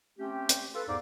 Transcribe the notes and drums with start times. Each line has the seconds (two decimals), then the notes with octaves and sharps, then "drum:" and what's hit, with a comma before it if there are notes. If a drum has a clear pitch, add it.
0.18 A3 C4 C#4 G4
0.49 drum: hi-hat
0.74 F4 A4 B4
0.88 E2 G#2 D#4 D5 F5 D6